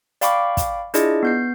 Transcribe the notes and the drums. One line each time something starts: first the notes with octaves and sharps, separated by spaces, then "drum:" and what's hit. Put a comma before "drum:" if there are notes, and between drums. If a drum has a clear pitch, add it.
D5 F5 G5 B5 C#6 D6, drum: hi-hat
drum: kick, hi-hat
D4 E4 F4 G#4 D5 D#5, drum: hi-hat
B3 G6 C7